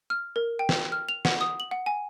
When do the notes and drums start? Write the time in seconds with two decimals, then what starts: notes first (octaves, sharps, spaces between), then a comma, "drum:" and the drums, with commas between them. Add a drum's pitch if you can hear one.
0.10 F6
0.36 A#4
0.59 G5
0.69 drum: snare
0.92 F6
1.09 F7
1.25 F#5, drum: snare
1.41 D#6
1.60 F#7
1.71 F#5
1.86 G#5